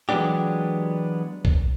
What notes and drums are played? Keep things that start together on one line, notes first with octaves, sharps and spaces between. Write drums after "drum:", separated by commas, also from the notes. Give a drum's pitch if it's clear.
E3 F#3 G#3 B3 D4 G4
drum: kick B1